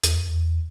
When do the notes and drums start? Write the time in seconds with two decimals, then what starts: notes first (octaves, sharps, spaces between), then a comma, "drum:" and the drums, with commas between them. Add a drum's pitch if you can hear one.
0.03 E2, drum: hi-hat
0.16 F2
0.28 E2